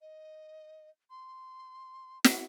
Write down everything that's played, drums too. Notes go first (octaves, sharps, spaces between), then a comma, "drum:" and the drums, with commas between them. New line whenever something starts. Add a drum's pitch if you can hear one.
D#5
C6
E4, drum: snare